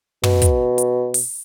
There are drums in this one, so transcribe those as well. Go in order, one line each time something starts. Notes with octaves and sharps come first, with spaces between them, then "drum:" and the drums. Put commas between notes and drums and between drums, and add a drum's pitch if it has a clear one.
B2, drum: tom
drum: kick, hi-hat
drum: hi-hat
drum: open hi-hat